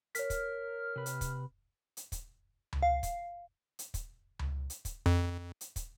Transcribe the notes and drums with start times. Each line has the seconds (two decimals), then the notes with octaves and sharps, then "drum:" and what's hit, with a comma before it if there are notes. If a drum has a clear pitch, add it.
0.15 A#4 C#5 F6 B6, drum: hi-hat
0.30 drum: kick, hi-hat
0.96 C3 B4
1.06 drum: hi-hat
1.21 drum: kick, hi-hat
1.97 drum: hi-hat
2.12 drum: kick, hi-hat
2.73 drum: tom C#2
2.83 F5
3.03 drum: kick, hi-hat
3.79 drum: hi-hat
3.94 drum: kick, hi-hat
4.39 drum: tom C#2
4.70 drum: hi-hat
4.85 drum: kick, hi-hat
5.06 F2
5.61 drum: hi-hat
5.76 drum: kick, hi-hat